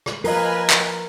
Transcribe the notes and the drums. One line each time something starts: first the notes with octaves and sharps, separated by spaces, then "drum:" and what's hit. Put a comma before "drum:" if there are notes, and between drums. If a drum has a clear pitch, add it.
drum: rim click
F3 F4 A#4 B4 D#5 G#5 A#5 C7, drum: open hi-hat
drum: clap